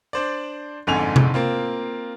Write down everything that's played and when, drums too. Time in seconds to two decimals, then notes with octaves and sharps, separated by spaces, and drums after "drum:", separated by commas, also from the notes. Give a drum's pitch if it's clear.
0.13 D4 C5 D5
0.87 G1 F2 G#2 D3 G#5 F7
1.16 drum: tom C3
1.34 A#3 C4 F4